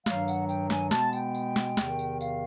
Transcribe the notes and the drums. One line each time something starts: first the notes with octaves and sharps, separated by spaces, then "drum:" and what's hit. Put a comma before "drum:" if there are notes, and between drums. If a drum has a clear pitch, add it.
G2 D#3 F#3 F5, drum: snare
F#5, drum: tambourine
G5, drum: tambourine
G#5, drum: snare
B2 G#3 B3 A5, drum: snare
G5, drum: tambourine
drum: tambourine
drum: snare
E2 C3 D#3, drum: snare
drum: tambourine
F5, drum: tambourine